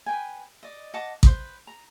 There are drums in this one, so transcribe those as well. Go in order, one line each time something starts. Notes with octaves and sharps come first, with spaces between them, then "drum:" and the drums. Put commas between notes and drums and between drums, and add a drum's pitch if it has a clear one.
B4 G5 G#5
D5 D#5
D#5 F#5 A5 D6
B4 C5, drum: kick A1
A#5